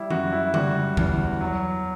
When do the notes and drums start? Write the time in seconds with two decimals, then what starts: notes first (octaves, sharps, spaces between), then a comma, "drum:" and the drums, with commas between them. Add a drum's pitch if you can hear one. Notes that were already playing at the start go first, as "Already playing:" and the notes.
Already playing: G3 E4
0.10 F#2 F#4, drum: tom E3
0.32 E4
0.54 G3 F#4, drum: tom C#3
0.97 E2, drum: kick
1.40 F#3